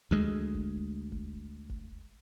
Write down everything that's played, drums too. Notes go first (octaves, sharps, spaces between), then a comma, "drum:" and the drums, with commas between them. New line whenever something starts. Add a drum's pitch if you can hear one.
D2 G#3
drum: kick
drum: kick
drum: kick